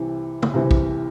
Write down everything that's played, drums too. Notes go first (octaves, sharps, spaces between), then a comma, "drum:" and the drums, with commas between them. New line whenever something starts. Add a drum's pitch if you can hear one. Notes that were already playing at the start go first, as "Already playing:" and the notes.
Already playing: C2 C3 E3
drum: tom
C2 C3 E3
drum: kick